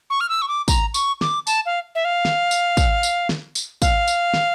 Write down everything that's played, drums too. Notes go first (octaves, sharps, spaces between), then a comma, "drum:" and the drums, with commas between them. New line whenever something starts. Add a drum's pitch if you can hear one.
C#6
F6
E6
C#6
D6
A#5, drum: kick, tambourine
C#6, drum: tambourine
D6, drum: snare
A5, drum: tambourine
F5
E5
F5
drum: snare
drum: tambourine
drum: kick, tambourine
drum: tambourine
drum: snare
drum: tambourine
F5, drum: kick, tambourine
drum: tambourine
drum: snare